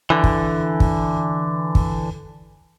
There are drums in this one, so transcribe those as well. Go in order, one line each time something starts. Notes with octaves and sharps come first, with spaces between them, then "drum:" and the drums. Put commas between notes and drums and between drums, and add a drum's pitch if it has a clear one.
D3 E3
drum: kick
drum: kick
drum: kick